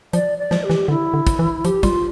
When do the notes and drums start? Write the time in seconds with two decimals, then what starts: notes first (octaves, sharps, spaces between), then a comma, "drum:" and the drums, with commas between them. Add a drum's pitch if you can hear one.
0.13 F3 D5, drum: hi-hat
0.38 D5
0.51 F3, drum: snare
0.63 G4
0.70 E3, drum: snare
0.88 D3 E4
1.14 D3
1.27 drum: kick, hi-hat
1.39 E3
1.65 F3 G4, drum: hi-hat
1.83 G3 F4, drum: kick, hi-hat